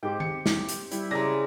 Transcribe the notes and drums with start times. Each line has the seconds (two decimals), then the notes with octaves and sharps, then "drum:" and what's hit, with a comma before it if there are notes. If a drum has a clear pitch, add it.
0.03 G#2 C4 G4 G5
0.20 C#7, drum: tom D#3
0.46 drum: snare
0.69 drum: hi-hat
0.91 G3 E4, drum: hi-hat
1.11 C#3 G#3 D5 E5 A#5 A#6